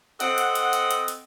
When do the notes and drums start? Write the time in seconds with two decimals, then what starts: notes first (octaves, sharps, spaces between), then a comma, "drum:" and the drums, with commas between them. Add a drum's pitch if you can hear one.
0.20 C4 A4 D#5 F#5, drum: hi-hat
0.38 drum: hi-hat
0.55 drum: hi-hat
0.73 drum: hi-hat
0.91 drum: hi-hat
1.08 drum: hi-hat